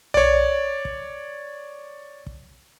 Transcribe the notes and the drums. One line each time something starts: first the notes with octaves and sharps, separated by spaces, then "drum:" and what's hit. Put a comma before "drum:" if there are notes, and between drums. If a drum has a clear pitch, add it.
C#5 D5, drum: tom B1
drum: kick
drum: kick